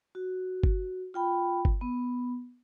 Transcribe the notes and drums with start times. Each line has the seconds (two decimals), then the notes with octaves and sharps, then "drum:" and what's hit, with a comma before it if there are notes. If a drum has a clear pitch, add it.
0.15 F#4
0.63 drum: kick G1
1.14 F4 G5 B5
1.65 drum: kick G1
1.81 B3